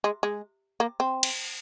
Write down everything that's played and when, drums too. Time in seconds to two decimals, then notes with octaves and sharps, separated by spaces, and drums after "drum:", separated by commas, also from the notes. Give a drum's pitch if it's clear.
0.04 G#3
0.23 G#3
0.80 A#3
1.00 C4
1.23 drum: cymbal